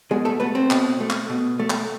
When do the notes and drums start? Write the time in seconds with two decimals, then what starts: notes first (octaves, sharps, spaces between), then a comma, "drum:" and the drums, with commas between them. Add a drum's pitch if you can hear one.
0.11 B2 G#3 G#4
0.25 A3 A4
0.40 A3 B3 B4
0.55 C4 C5
0.71 B2, drum: clap
1.01 A3
1.10 drum: clap
1.30 B2
1.59 A3
1.70 drum: clap